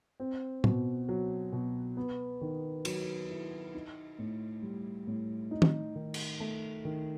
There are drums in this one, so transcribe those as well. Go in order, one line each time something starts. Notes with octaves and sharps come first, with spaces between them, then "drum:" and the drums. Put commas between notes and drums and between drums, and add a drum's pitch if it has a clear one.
C4
B2, drum: tom A2
F#3
B2
B3
D#3
F#3, drum: cymbal
E4
D#4
A2
G3
A2
D#4
drum: tom
D#3
drum: cymbal
A3
D#3